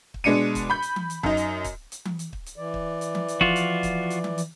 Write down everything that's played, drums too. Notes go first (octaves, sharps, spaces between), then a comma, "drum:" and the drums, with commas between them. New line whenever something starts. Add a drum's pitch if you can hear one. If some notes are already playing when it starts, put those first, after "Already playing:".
drum: kick
B2 G#3 D4 C#7 D#7
drum: kick, hi-hat
B5 G6
drum: hi-hat
drum: tom E3
drum: hi-hat
F#2 D#4, drum: kick
drum: hi-hat
drum: kick, hi-hat
drum: hi-hat
drum: tom E3
drum: hi-hat
drum: kick
drum: hi-hat
E3 D5
drum: kick
drum: hi-hat
drum: tom E3
drum: hi-hat
F3 F4 F#4, drum: kick
drum: hi-hat
drum: kick, hi-hat
drum: hi-hat
drum: tom E3
drum: hi-hat